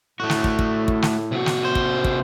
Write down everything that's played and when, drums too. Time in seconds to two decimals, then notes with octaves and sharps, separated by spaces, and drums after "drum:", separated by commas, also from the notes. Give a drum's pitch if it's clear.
0.20 A2 A3 F#4
0.30 drum: snare
0.44 drum: kick
0.59 drum: kick
0.88 drum: kick
1.02 drum: snare
1.32 C3 F#4
1.46 drum: snare
1.65 C5
1.75 drum: kick
2.04 drum: kick